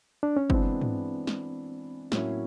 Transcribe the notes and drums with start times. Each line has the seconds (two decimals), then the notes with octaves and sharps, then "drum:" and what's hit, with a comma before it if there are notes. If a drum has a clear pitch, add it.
0.23 D4
0.37 C#4
0.50 E3 G#3 B3 C4 D4, drum: kick
0.82 drum: tom
1.27 drum: snare
2.12 A2 F#3 A#3 C#4 E4, drum: snare